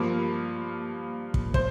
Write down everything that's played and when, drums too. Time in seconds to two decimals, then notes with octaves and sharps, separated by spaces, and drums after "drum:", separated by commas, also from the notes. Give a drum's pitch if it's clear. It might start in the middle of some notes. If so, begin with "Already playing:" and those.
Already playing: G2 F3 A#3
1.34 drum: kick
1.54 C5, drum: kick